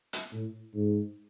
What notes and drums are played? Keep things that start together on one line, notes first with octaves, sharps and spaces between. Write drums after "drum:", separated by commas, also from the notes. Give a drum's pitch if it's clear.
drum: hi-hat
A2
G#2